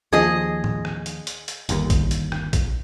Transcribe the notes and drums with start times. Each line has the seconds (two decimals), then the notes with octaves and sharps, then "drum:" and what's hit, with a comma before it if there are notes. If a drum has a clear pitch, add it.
0.13 D#2 F3 G#4 D#5
0.64 drum: tom
0.85 drum: rim click
1.06 drum: hi-hat
1.27 drum: hi-hat
1.48 drum: hi-hat
1.69 G1 D#2, drum: hi-hat
1.90 drum: kick A#1, hi-hat
2.11 drum: hi-hat
2.32 drum: rim click
2.53 drum: kick A#1, hi-hat